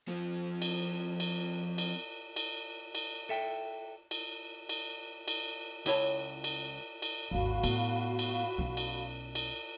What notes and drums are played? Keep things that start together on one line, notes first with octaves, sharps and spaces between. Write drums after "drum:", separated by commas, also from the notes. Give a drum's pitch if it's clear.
F3 C4
drum: cymbal
drum: cymbal
drum: cymbal
drum: cymbal
drum: cymbal
A4 E5 G5
drum: cymbal
drum: cymbal
drum: cymbal
C#2 E4 C#5 G#5 A5, drum: cymbal
drum: cymbal
drum: cymbal
G#1 D#2 F#4 F5 B5
A2 B3, drum: cymbal
drum: cymbal
B1 C#4
drum: cymbal
drum: cymbal